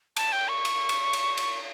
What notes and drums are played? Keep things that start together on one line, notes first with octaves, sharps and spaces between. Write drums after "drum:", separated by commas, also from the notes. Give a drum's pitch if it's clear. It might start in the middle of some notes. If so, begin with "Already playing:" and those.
A5, drum: cymbal
G5
C#6
drum: cymbal
drum: cymbal
drum: cymbal
drum: cymbal